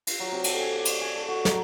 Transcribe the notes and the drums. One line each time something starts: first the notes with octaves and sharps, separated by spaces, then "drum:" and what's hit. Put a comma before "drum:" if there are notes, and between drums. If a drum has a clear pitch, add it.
F4, drum: cymbal
F#3
C3
A4, drum: cymbal
G#5
D5
C5, drum: cymbal
G#5
A4
F#4
A#5, drum: snare